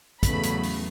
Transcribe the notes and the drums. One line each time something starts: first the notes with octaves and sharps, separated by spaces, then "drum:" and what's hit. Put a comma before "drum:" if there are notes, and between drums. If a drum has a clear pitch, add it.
E2 C#3 F#3 A3 B5, drum: kick, hi-hat
drum: hi-hat
drum: open hi-hat